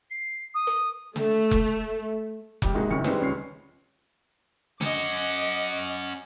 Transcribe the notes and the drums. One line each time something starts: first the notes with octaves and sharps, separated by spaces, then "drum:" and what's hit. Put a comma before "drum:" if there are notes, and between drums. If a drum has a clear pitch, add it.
C7
D#6
drum: hi-hat
A3, drum: snare
drum: kick F1
E1 G4, drum: kick F1
G#2 C3 A#3 D#4 F#4 G#4
F#1 C3 D#3 C#4 C#6 C#7
G3 G#3 C4 D#4 B4 C5, drum: snare
D#1 C#2 C#4 C7
C#4 F#4 D#5 D6, drum: snare